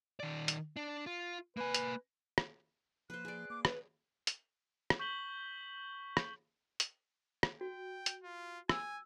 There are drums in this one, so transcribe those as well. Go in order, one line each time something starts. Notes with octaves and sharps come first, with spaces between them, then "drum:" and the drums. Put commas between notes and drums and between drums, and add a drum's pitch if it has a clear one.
D#3 D5
drum: hi-hat
D4
F4
A#3 B4 G#5
drum: hi-hat
drum: rim click
F3 A#3 B4 C5 F#6
G#4 D5
A#3 D6
B4, drum: rim click
drum: hi-hat
drum: rim click
C#6 G6 B6 F#7 G7
drum: rim click
drum: hi-hat
drum: rim click
F#4 G5
drum: hi-hat
F4
G#5 E6, drum: rim click